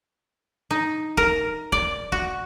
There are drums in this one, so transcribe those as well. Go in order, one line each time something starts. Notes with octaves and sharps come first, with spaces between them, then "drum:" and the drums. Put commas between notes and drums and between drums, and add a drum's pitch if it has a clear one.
D#4
A#4, drum: kick
D5, drum: kick
F#4, drum: kick